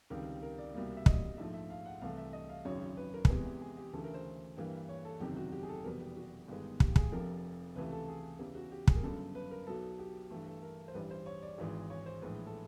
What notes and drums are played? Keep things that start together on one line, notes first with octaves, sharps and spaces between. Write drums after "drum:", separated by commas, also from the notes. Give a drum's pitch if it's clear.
C#2 C3 D#3 G3 A#4
A#4
D5
C2 B2 G3 A#3
E5
D#5, drum: kick
A#1 G#2 F3 A3 E5
E5
F5
F#5
C2 C3 E3 A3 F5
E5
D#5
F5
G#1 F#2 C#3 C#5
B4
A#4
G#4, drum: kick
E2 C3 E3 G#3 B3 G4
G4
G#4
G4
D2 C#3 E3 A3 A4
A#4
C5
G2 E3 G3 A#3
C#5
A4
F#1 E2 C3 D#3 G4
F#4
G4
G#4
A4
F1 E2 B2 G3 B3 A#4
G4
F#4
G1 G2 D#3 G#3 B3
G4, drum: kick
G#4, drum: kick
F1 F2 C3 F3 A#4
C#2 C3 E3 A3 B4
A4
G#4
E2 C#3 E3 G4
F#4
G4
G#4, drum: kick
A#4
G1 F#2 C#3 A4
B4
A#4
B1 B2 F#3 B3 A4
G4
G2 E3 A3
A4
A#4
C5
A1 G2 E3 G3 B4
C5
C#5
D5
G#1 G#2 E3 G#3
C#5
C5
A#1 A2 E3 G#3 B4
A4